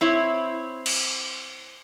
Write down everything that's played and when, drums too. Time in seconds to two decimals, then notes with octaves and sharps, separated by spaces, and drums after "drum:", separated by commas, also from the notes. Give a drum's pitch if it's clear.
0.01 C4 E4 C#5
0.86 drum: cymbal